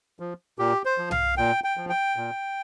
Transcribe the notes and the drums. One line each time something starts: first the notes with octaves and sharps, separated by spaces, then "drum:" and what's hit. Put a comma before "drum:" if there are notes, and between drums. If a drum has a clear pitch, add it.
F3
A#2 G4
C5
F3
F5, drum: tom B1
A#2 G5
G5
F3
G5
A#2